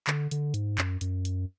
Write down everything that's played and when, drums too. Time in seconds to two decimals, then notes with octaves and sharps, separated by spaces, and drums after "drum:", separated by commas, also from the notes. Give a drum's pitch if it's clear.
0.07 D3, drum: clap
0.31 D3, drum: hi-hat
0.54 G#2, drum: hi-hat
0.78 F#2, drum: clap
1.01 F#2, drum: hi-hat
1.25 drum: hi-hat